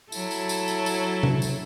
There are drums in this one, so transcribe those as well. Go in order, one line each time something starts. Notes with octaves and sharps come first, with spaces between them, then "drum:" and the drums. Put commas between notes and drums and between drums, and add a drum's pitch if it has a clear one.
F#3 E4 A4, drum: tambourine
drum: tambourine
drum: tambourine
drum: tambourine
drum: tambourine
drum: tom
drum: tambourine